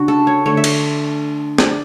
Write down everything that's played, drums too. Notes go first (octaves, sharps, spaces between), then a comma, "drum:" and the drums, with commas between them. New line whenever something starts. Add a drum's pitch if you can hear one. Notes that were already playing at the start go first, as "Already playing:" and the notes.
Already playing: C#3 D4 F#4
A4
C#5
D3 A3 C#5
E5
D5, drum: cymbal
D5, drum: snare